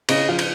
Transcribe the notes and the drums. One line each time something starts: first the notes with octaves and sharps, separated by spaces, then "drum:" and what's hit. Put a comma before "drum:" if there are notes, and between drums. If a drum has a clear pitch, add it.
C#3 D#5, drum: cymbal
F3
drum: cymbal